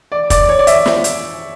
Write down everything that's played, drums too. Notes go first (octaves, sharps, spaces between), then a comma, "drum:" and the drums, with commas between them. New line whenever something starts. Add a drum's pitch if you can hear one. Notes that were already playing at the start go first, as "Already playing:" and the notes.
D5
D5, drum: kick, hi-hat
C#5
D5
E5, drum: hi-hat
drum: snare
drum: hi-hat